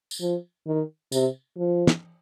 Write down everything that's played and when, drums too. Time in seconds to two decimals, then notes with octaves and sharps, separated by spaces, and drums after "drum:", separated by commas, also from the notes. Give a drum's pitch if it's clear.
0.11 drum: tambourine
0.21 F3
0.67 D#3
1.12 C3, drum: tambourine
1.58 F3
1.87 drum: snare